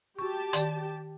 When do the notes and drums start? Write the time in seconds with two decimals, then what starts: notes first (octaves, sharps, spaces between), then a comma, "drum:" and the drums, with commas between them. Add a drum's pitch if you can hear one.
0.19 F#4 G4 A5 C#6
0.53 D#3 D5 C6, drum: hi-hat